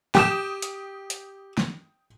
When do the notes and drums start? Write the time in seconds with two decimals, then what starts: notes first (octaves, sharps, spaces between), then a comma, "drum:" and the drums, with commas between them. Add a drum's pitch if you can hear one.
0.15 G4 G5 D#6 E7, drum: snare
0.62 drum: hi-hat
1.10 drum: hi-hat
1.58 drum: snare